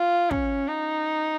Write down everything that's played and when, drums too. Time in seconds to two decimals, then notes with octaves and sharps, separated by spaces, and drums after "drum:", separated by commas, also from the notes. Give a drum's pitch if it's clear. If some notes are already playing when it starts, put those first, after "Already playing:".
Already playing: F4
0.31 C#4, drum: kick
0.68 D#4